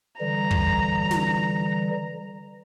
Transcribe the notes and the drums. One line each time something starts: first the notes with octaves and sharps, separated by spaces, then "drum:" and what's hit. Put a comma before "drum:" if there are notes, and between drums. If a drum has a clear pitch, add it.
D3 E3 G3 A#5
drum: kick
drum: snare